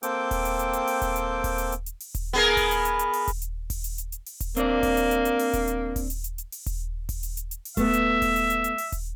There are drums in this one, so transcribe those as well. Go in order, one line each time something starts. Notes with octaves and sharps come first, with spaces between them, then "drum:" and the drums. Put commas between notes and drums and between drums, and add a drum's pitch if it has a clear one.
A#3 C4 A4 C5 G5 D6, drum: hi-hat
drum: kick D#1, open hi-hat
drum: hi-hat
drum: hi-hat
drum: hi-hat
drum: open hi-hat
drum: kick D#1, hi-hat
drum: hi-hat
drum: kick D#1, open hi-hat
drum: hi-hat
drum: hi-hat
drum: hi-hat
drum: open hi-hat
drum: kick D#1, hi-hat
B3 G#4 A#4
drum: kick D#1, open hi-hat
drum: hi-hat
drum: hi-hat
drum: hi-hat
drum: open hi-hat
drum: kick D#1, hi-hat
drum: hi-hat
drum: kick D#1, open hi-hat
drum: hi-hat
drum: hi-hat
drum: hi-hat
drum: open hi-hat
drum: kick D#1, hi-hat
A#3 C4 D4 D5, drum: hi-hat
drum: kick D#1, open hi-hat
drum: hi-hat
drum: hi-hat
drum: hi-hat
drum: open hi-hat
drum: kick D#1, hi-hat
drum: hi-hat
drum: kick D#1, open hi-hat
drum: hi-hat
drum: hi-hat
drum: hi-hat
drum: open hi-hat
drum: kick D#1, hi-hat
drum: kick D#1, open hi-hat
drum: hi-hat
drum: hi-hat
drum: hi-hat
drum: open hi-hat
A3 B3 E5, drum: kick D#1, hi-hat
drum: hi-hat
drum: kick D#1, open hi-hat
drum: hi-hat
drum: hi-hat
drum: hi-hat
drum: open hi-hat
drum: kick D#1, hi-hat